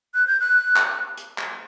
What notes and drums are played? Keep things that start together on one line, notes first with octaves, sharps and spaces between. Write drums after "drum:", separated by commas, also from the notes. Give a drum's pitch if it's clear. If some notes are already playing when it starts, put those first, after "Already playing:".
F#6
G6
F#6
drum: clap
drum: hi-hat
drum: clap